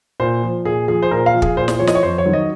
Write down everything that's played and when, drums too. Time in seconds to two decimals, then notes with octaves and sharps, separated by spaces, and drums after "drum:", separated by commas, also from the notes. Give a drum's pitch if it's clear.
0.20 A#2 C5
0.43 F3
0.65 A#2 G#4
0.88 F3 G#4
1.02 C5
1.11 A#2 A#4
1.26 F5
1.34 F3
1.42 G#4, drum: kick
1.57 A#2 C5
1.68 drum: snare
1.79 F3 C#5
1.87 D#5, drum: snare
1.95 C#5
2.03 F2 C5
2.18 C#5
2.26 D#3 F#3
2.33 D#5